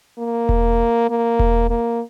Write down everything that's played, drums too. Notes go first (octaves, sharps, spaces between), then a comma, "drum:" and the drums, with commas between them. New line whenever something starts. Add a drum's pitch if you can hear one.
A#3
drum: kick E1
A#3
drum: kick E1
A#3